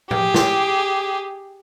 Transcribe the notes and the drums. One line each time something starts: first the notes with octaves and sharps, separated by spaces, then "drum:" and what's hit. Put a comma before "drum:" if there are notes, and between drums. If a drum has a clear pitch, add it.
G4 G#4, drum: tom A2
drum: snare